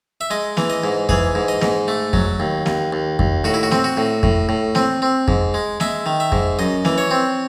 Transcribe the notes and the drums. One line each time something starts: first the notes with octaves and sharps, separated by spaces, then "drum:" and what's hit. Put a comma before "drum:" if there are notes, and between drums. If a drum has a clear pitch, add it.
E5
G#3 D#5
E3, drum: snare A#3
D#5
G#2
E3 G#4, drum: kick F2
G#2
D#5
G#2, drum: snare A#3
A3
F#3, drum: kick F2
D#2
D#2, drum: snare A#3
D#2
D#2, drum: kick F2
A2 F#4
E4
F#4
C4, drum: snare A#3
F#4
A2
A2, drum: kick F2
A2
C4, drum: snare A#3
C4
G#2, drum: kick F2
G#3
G#3 E5, drum: snare A#3
D#3
E5
G#2, drum: kick F2
F#2 D#5
E3, drum: snare A#3
C#5
C4